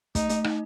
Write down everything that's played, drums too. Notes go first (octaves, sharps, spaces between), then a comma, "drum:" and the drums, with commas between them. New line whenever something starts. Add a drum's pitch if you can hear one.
A3 D#4, drum: kick, hi-hat
A3, drum: hi-hat
D#4, drum: rim click